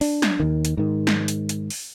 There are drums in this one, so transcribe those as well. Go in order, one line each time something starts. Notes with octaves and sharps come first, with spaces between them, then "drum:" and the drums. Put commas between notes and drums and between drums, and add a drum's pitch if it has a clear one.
D4, drum: open hi-hat
drum: snare
D#2 D#3
drum: hi-hat
G#2 D#3
drum: snare
drum: hi-hat
drum: hi-hat
drum: open hi-hat